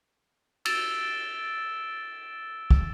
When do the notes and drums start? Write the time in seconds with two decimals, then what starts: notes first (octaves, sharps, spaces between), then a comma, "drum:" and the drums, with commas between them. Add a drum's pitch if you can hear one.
0.65 E6 A6 D7 E7 G7, drum: cymbal
2.70 drum: kick